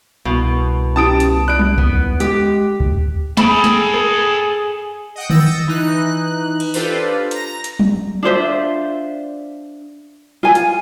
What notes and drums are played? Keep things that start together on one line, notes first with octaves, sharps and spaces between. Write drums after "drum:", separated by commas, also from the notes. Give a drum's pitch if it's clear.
C2 B2
C#4 E4 G4 A5 D#6 D7
drum: hi-hat
F4 D5 B5 F#6 D7
drum: tom F#3
B3, drum: kick D2
G#3 G4, drum: hi-hat
drum: kick D2
G#4 A4 G5 B5, drum: snare
drum: snare
drum: rim click
D#5 F#5 G5
D#6 E6 G6 A6 A#6 C#7, drum: tom D3
E3 D#4 F#6
drum: cymbal
D4 F4 G4 A4 B4 C5, drum: open hi-hat
A#5 A#6, drum: hi-hat
drum: hi-hat
drum: tom F#3
D4 F4 C5 E5
F4 G#5
drum: hi-hat